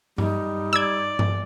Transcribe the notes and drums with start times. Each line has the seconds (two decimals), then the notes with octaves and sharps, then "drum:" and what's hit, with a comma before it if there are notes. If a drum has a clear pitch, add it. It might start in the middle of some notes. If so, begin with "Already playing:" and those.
0.18 G3 D#4, drum: tom G2
0.73 D5 E6 G#6
1.19 drum: tom G2